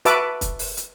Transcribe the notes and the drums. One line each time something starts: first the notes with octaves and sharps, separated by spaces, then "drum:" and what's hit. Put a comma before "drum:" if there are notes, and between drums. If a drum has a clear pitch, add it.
F#4 B4 E5 A5 D6, drum: hi-hat
drum: kick, hi-hat
drum: open hi-hat
drum: hi-hat